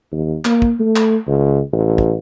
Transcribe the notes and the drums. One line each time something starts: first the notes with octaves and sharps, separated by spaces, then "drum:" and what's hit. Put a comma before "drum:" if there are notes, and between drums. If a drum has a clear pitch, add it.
D#2
A#3, drum: clap
drum: kick
A3
drum: clap
C#2
A1
drum: kick